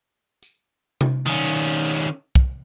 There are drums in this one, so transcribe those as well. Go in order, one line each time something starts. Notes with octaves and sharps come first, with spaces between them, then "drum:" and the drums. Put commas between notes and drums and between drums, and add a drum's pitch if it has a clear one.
drum: tambourine
drum: tom C3
D#3 C#4
drum: kick